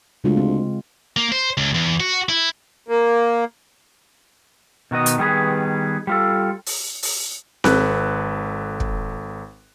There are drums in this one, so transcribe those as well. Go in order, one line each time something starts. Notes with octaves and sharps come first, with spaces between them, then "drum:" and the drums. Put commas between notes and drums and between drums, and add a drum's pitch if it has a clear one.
D2 C#3 G#3 F4
C4
A#3
C5
C#2
E2
F#4
E4
A#3
B2 D#3 F#4 D#5
drum: hi-hat
D#3 G3 B3 G#4 B4
G3 F4 A4
drum: open hi-hat
drum: open hi-hat
G#1 A4 B4 F#6, drum: snare C4
drum: kick